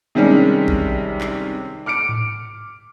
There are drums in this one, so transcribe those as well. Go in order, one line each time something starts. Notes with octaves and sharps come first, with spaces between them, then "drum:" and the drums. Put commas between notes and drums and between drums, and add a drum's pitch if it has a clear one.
C3 D#3 G3 G#3 C#4 D4
drum: kick A#1
drum: clap
D6 F6 C#7 D7
drum: tom G#2